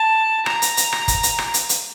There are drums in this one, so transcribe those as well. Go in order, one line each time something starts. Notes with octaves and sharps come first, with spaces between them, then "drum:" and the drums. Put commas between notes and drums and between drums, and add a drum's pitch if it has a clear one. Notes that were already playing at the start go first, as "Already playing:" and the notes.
Already playing: A5
A#5, drum: rim click
drum: hi-hat
drum: hi-hat
drum: rim click
drum: kick, hi-hat
drum: hi-hat
drum: rim click
drum: hi-hat
drum: hi-hat